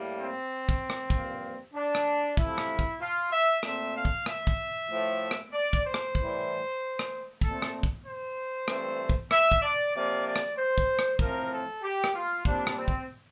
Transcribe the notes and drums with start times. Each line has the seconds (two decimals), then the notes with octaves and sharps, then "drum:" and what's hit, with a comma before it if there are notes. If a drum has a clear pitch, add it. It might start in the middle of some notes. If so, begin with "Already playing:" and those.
Already playing: A2 G3 A#3
0.16 C4
0.69 drum: kick
0.90 drum: rim click
1.10 G2 F3 A#3, drum: kick
1.74 D4
1.95 drum: rim click
2.37 C3 F3 A3 E4, drum: kick
2.58 drum: rim click
2.79 drum: kick
3.00 F4
3.31 E5
3.63 A#2 A3 C4 E5, drum: rim click
3.95 F5
4.05 drum: kick
4.26 E5, drum: rim click
4.47 drum: kick
4.88 A2 F3 A3
5.31 drum: rim click
5.52 D5
5.73 drum: kick
5.83 C5
5.94 drum: rim click
6.15 A2 E3 G3, drum: kick
6.99 drum: rim click
7.41 A#2 A3 C4 A4, drum: kick
7.62 drum: rim click
7.83 drum: kick
8.05 C5
8.68 G2 E3 A3 C4, drum: rim click
9.10 drum: kick
9.31 E5, drum: rim click
9.52 drum: kick
9.62 D5
9.94 C3 F3 A#3 D5
10.26 D5
10.36 drum: rim click
10.57 C5
10.78 drum: kick
10.99 drum: rim click
11.19 A2 F3 C4 A#4, drum: kick
11.52 A4
11.83 G4
12.04 drum: rim click
12.14 F4
12.45 A#2 G3 C4 D4, drum: kick
12.67 drum: rim click
12.77 C4
12.88 drum: kick